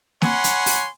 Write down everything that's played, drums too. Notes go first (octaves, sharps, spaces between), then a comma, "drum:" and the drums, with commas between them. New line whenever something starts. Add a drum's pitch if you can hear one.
C#5 F#5 G#5 B5 C6, drum: snare
drum: hi-hat
drum: open hi-hat